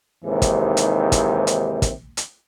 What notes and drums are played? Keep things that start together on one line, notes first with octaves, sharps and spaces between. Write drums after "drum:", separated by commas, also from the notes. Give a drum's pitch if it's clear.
D#2 G#2 C3 E3
drum: kick, hi-hat
drum: hi-hat
drum: kick, hi-hat
drum: hi-hat
drum: kick, hi-hat
drum: hi-hat